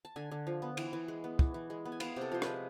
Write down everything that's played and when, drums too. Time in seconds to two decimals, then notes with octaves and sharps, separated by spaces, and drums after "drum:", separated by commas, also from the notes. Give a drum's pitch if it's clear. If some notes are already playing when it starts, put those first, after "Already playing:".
0.05 A5
0.16 D3 G#5
0.31 D3
0.47 F3
0.62 B3
0.77 E3, drum: cymbal
0.93 E3
1.08 G#3
1.24 B3
1.39 E3, drum: kick
1.54 E3
1.70 G#3
1.85 B3
1.92 G#5
2.00 B3 F5, drum: cymbal
2.16 C3 A4
2.31 F3 C5
2.42 G#3 B4, drum: rim click